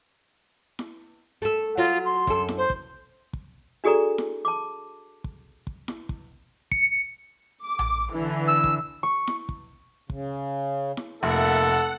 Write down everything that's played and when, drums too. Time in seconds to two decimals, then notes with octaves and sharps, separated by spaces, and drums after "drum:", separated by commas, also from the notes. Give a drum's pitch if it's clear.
0.79 drum: snare E4
1.42 A3 A4
1.77 F#3 F4
2.05 C6
2.27 F#2 A4, drum: kick
2.49 drum: snare E4
2.58 C5
2.70 drum: kick
3.33 drum: kick
3.84 D4 F#4 G#4 A4 D5 A#5
4.18 drum: snare E4
4.45 A5 D6
5.24 drum: kick
5.67 drum: kick
5.88 drum: snare E4
6.09 drum: kick
6.72 C#7, drum: kick
7.64 D6
7.79 drum: tom A#1
8.13 D3 E3
8.48 E6
8.64 drum: kick
9.03 C#6
9.27 drum: snare E4
9.49 drum: kick
10.10 C#3, drum: kick
10.97 drum: snare E4
11.23 F1 A#2 A4 E5 F#5